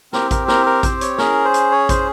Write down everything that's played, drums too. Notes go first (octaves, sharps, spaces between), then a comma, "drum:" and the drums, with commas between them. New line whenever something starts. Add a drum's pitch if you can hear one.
C4 G4 A#4, drum: snare
A#4, drum: kick A1, hi-hat
A#4, drum: snare
A#4
C5, drum: kick A1, hi-hat
C#5, drum: hi-hat
C#4 G#4 A#4, drum: snare
C5
drum: hi-hat
C#5
C5, drum: kick A1, hi-hat